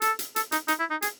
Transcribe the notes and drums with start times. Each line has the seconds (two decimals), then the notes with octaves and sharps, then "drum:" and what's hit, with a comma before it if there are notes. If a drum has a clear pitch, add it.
0.02 A4, drum: hi-hat
0.19 drum: hi-hat
0.36 A4, drum: hi-hat
0.52 D#4, drum: hi-hat
0.68 D#4, drum: hi-hat
0.80 E4
0.91 D#4
1.02 G#4, drum: hi-hat